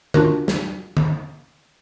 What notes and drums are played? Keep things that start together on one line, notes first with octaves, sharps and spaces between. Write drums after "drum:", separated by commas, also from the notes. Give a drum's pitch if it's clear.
D4 F4 F#4 A#4, drum: tom D3
drum: snare
drum: tom D3